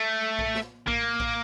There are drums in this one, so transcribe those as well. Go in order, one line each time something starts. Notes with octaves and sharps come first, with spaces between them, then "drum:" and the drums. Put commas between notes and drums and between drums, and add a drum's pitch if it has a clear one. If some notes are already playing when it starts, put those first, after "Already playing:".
Already playing: A3
drum: kick A#1
drum: snare
A#3, drum: kick A#1
drum: kick A#1